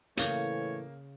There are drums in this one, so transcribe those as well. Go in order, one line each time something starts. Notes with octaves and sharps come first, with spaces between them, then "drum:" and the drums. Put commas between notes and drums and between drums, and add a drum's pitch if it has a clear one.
A2 C#3 E3 A3 A#3 C#5 F5 G6, drum: hi-hat